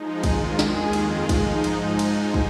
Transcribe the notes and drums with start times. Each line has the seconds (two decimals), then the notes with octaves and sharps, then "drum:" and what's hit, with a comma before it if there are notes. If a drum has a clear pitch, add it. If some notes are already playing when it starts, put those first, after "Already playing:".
Already playing: F3 G#3 D#4
0.23 F2 D#3 G#3 F4, drum: kick, cymbal
0.59 D#2 D#3 G#3 G#4, drum: snare
0.93 F2 D#3 G#3 F4, drum: cymbal
1.29 G#2 F3 G#3 D#4, drum: kick, cymbal
1.64 drum: cymbal
1.99 drum: cymbal
2.34 drum: kick